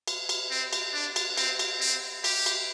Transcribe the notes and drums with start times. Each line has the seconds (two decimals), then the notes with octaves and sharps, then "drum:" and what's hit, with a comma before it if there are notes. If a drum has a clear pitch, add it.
0.08 drum: cymbal
0.29 drum: cymbal
0.51 C4
0.73 drum: cymbal
0.94 D4
1.16 drum: cymbal
1.38 C4, drum: cymbal
1.59 drum: cymbal
1.81 C4
2.24 G4, drum: cymbal
2.46 drum: cymbal